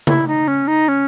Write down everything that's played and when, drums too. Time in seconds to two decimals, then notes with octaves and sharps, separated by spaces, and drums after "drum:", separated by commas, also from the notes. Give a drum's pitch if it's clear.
0.07 E4, drum: tom C#3
0.28 D#4
0.48 C#4
0.68 D#4
0.88 C#4